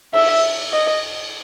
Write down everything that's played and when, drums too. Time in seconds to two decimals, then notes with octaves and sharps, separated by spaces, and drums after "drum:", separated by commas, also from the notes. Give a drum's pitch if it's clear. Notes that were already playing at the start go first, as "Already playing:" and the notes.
0.13 E5, drum: cymbal
0.73 D#5